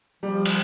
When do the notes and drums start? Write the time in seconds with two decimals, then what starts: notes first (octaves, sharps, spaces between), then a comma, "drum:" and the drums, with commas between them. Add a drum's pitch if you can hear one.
0.23 F3 G3
0.45 drum: cymbal